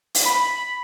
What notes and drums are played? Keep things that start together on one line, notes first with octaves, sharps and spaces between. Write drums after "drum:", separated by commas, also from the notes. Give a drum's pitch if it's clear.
drum: open hi-hat
B5